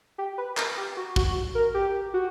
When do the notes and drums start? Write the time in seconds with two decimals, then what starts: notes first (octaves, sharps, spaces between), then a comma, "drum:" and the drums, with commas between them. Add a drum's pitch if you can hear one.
0.18 G4
0.38 B4
0.57 A#4, drum: clap
0.77 G4
0.97 F#4
1.16 F#4, drum: kick
1.55 A#4
1.74 G4
2.14 F#4